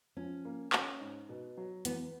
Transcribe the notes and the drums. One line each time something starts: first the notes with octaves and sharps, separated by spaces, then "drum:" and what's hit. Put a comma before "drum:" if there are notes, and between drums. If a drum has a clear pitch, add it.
F3 C#4
A#3
C#4, drum: clap
G#2
B2
F#3
E2 B3, drum: hi-hat